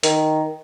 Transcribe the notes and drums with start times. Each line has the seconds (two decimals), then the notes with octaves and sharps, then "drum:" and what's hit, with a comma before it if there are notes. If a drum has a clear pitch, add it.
0.03 D#3, drum: hi-hat